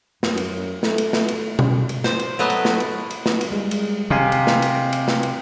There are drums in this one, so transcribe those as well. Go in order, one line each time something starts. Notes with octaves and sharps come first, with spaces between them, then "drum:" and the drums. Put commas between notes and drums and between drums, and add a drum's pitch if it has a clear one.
F#2, drum: snare
drum: cymbal
A3, drum: snare
drum: cymbal
drum: snare
drum: cymbal
drum: tom B2
drum: cymbal
C5, drum: snare
drum: cymbal
F#3 A3 B3 D#5
drum: cymbal
drum: snare
drum: cymbal
drum: cymbal
drum: snare
drum: cymbal
G3 G#3
drum: cymbal
C3 D#5 F5 G#5
drum: cymbal
drum: snare
drum: cymbal
drum: cymbal
drum: snare
drum: cymbal